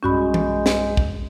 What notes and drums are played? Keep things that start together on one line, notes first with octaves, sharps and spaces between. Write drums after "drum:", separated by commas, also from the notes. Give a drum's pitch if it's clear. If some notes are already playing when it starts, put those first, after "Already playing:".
B1 G2 G#3 C#4 F#4 B5 G6
drum: tom E3
drum: snare
drum: kick